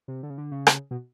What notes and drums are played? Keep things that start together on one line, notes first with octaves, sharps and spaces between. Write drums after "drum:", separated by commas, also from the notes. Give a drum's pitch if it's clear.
C3
D3
C#3
D3
C#3
drum: rim click
B2